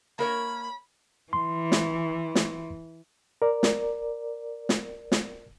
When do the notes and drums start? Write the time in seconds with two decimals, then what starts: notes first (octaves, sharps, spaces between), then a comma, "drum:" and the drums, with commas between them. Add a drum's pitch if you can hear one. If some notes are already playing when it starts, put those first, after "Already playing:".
0.19 A#3 A#4 C#5 B5
1.33 E3 C6
1.72 drum: snare
2.35 drum: snare
3.42 A#4 D5
3.63 drum: snare
4.69 drum: snare
5.12 drum: snare